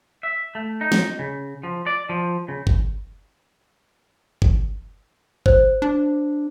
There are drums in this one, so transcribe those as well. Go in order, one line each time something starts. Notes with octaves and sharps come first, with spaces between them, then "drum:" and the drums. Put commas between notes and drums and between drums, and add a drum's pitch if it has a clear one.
E5
A3
D#4
drum: snare
C#3
F3
D5
F3
C#3
drum: kick G1
drum: kick G1
C5, drum: kick G1
D4